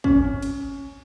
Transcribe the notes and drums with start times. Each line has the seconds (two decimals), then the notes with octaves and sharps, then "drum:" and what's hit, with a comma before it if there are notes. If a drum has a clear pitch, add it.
0.04 C#4, drum: kick
0.42 drum: cymbal